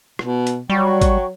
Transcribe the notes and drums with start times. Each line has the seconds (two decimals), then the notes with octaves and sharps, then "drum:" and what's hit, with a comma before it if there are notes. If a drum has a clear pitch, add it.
0.19 B2, drum: rim click
0.47 drum: hi-hat
0.70 F#3 G3 F#4 G5 C#6
1.02 drum: kick, hi-hat